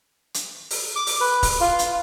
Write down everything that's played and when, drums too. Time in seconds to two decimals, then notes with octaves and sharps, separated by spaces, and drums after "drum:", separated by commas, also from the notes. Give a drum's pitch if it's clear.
0.34 drum: hi-hat
0.70 drum: open hi-hat
0.96 D6
1.07 drum: open hi-hat
1.21 B4
1.43 drum: kick, open hi-hat
1.61 F4
1.79 drum: hi-hat